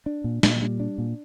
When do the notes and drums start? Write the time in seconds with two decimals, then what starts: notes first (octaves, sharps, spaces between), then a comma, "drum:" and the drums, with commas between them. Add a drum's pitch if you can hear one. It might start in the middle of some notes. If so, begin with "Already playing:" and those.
0.06 D4
0.24 A#2
0.43 A#2, drum: snare
0.62 G3
0.80 D4
0.98 A#2